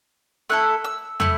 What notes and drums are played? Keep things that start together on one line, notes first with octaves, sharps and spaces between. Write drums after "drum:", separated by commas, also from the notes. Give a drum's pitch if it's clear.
A3 E4 A4 F#6
E6
A3 E4, drum: tom